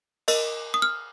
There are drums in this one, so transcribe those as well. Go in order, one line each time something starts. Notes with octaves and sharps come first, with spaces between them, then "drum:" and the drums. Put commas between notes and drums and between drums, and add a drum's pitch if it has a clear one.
A#4 D#5, drum: cymbal
D#6
F6